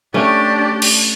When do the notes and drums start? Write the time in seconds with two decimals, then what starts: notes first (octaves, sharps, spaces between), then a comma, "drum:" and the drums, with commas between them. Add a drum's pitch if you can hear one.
0.14 A3 C#4 D4 G4 D5
0.82 drum: cymbal